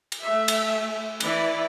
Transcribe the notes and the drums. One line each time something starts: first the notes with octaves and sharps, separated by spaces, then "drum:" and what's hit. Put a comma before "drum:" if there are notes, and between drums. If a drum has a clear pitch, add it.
drum: cymbal
A3 E5
drum: cymbal
E3 E4 D5, drum: cymbal